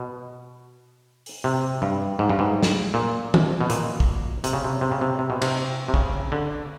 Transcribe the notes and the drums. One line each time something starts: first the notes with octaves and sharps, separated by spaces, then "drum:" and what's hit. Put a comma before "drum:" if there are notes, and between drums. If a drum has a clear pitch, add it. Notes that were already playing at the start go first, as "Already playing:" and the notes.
Already playing: B2
drum: open hi-hat
C3
G2
G#2
G2
G#2
drum: snare
A#2
drum: tom D#3
B2
A#2, drum: hi-hat
drum: kick
C3, drum: hi-hat
C#3
C3
C3
C#3
C3
C3
B2
C3, drum: cymbal
C3
C#3, drum: kick
D3